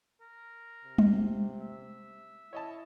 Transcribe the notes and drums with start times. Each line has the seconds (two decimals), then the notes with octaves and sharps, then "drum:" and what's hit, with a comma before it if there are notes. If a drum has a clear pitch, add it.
0.21 A#4
0.84 C3
0.98 drum: tom G3
1.61 E5
2.53 E4 C#5 D#5 A5